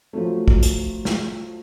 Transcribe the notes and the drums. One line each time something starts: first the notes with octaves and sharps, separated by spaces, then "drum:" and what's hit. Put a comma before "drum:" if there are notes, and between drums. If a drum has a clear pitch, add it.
F3 F#3 A3
drum: kick
drum: hi-hat
drum: snare